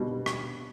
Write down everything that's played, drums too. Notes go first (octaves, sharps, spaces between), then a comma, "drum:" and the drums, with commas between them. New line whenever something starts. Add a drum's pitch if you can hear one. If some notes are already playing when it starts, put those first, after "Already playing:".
Already playing: B2 G3
drum: rim click